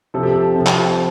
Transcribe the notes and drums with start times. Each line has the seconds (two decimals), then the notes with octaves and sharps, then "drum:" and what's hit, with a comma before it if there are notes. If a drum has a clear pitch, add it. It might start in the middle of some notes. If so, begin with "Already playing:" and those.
0.14 C3 F3 A4
0.23 G4
0.31 A4
0.56 C3 F3
0.66 drum: clap